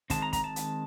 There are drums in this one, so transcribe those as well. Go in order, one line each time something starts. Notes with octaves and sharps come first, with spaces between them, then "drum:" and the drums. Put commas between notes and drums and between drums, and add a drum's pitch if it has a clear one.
D#3 G#3 C4 A5, drum: kick, hi-hat
A#5
A#5, drum: kick, hi-hat
A5
drum: hi-hat